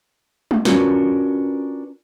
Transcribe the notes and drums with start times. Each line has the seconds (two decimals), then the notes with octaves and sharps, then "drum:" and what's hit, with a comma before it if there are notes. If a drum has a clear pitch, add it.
0.51 drum: tom G3
0.65 C#4 D4 F4 F#4 A#4 B4, drum: snare